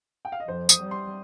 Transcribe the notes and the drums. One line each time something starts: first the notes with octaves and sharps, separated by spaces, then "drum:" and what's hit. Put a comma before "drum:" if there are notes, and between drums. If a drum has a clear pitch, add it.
G5
F5
D#5
F2 C5
D#6, drum: tambourine
G3
C6